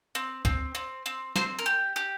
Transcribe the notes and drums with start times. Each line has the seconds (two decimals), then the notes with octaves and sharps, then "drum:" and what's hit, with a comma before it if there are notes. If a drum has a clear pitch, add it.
0.15 C4
0.45 C4, drum: kick
0.75 C4
1.06 C4
1.36 C4 C5, drum: snare
1.59 A#4
1.66 G4
1.96 G4